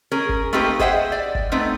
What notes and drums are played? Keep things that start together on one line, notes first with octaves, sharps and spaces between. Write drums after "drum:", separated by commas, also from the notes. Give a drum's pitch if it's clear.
C#4 G#4 A#4
drum: kick G1
A3 A#3 C4 D#4 G4 B4
G#4 C5 D#5 E5 F#5 G5, drum: kick G1
D5
drum: kick G1
A3 B3 C4 D#4